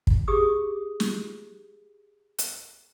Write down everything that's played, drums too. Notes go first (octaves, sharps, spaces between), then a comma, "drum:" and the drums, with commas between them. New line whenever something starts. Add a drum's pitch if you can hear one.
drum: kick
G4 G#4 D6 D#6
drum: snare
drum: hi-hat